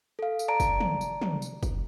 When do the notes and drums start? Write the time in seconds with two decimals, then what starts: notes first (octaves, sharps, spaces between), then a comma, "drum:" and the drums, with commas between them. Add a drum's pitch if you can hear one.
0.19 A4 F5
0.39 drum: tambourine
0.48 D5 A5 A#5 D7
0.60 drum: kick, tambourine
0.80 drum: tom
1.01 drum: tambourine
1.22 drum: tom
1.42 drum: tambourine
1.63 drum: kick, tambourine